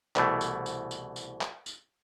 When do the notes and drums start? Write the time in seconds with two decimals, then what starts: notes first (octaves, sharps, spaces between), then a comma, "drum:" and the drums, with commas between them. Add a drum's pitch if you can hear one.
0.16 C2 B2 E3 A3, drum: clap
0.41 drum: tambourine
0.66 drum: tambourine
0.91 drum: tambourine
1.16 drum: tambourine
1.41 drum: clap
1.66 drum: tambourine